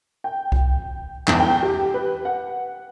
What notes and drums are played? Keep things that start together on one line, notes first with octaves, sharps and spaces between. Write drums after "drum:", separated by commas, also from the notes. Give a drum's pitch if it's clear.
G5
drum: kick C2
E2, drum: clap
G5
G4
B4
F#5